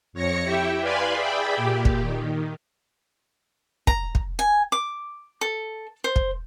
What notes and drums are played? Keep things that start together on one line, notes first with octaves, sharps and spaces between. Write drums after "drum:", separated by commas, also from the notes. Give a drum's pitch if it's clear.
F2 C#5 A#6 C#7
E4 G4 E5 G5
B4 D5 F5 G#5 B5 C6
G#4 D5 E5 G5 B5
A#2 G4
drum: kick
D#3
A#5, drum: kick
drum: kick
G#5
D6
A4
C5
drum: kick